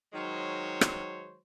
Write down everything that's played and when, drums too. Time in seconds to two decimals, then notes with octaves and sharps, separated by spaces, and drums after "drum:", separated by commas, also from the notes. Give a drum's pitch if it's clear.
0.13 D#3 F#3 G#3 C5 C#5
0.81 drum: rim click